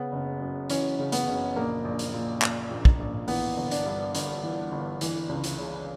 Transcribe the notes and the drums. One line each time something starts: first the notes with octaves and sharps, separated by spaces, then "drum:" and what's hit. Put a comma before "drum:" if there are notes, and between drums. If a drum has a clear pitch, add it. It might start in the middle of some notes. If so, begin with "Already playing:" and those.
Already playing: C#3 B3
F#1
F#2
E3 C#4, drum: hi-hat
C#3
B3, drum: hi-hat
F#1
A#1 A#3
A#1
drum: hi-hat
A#2
A#2, drum: clap
A#1
drum: kick
A#1
E3 B3, drum: open hi-hat
G1
D4, drum: hi-hat
G2
G1, drum: hi-hat
E3
G1
E3, drum: hi-hat
C#2
drum: hi-hat
C#3